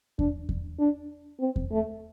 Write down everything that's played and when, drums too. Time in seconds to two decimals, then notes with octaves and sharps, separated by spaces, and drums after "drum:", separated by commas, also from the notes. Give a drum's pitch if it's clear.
0.19 D4, drum: kick E2
0.49 drum: kick E2
0.79 D4
1.40 C4
1.56 drum: kick E2
1.71 A3